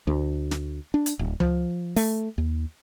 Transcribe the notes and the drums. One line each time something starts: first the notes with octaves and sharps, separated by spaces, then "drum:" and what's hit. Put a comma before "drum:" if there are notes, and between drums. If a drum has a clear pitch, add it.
D2
drum: snare
D4
drum: hi-hat
D1
F3, drum: tom C#2
A3, drum: open hi-hat
D#2